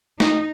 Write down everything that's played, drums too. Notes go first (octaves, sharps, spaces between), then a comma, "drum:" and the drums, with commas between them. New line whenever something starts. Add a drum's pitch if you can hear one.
D#4, drum: snare